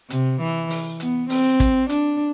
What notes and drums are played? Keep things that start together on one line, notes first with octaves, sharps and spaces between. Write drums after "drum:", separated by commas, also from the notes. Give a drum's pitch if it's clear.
C3, drum: hi-hat
E3
drum: open hi-hat
B3, drum: hi-hat
C4, drum: open hi-hat
drum: kick, hi-hat
D4, drum: hi-hat